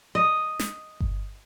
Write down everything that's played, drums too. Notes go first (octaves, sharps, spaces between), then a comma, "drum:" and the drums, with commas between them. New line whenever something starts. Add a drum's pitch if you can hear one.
D#5
drum: snare
drum: kick G1